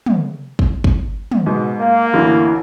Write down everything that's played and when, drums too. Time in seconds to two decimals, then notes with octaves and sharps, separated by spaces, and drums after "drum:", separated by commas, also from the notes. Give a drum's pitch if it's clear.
0.06 drum: tom
0.59 drum: kick
0.84 drum: kick
1.31 drum: tom
1.46 G#2 B2
1.80 A#3 F5
2.14 A1 D2 E4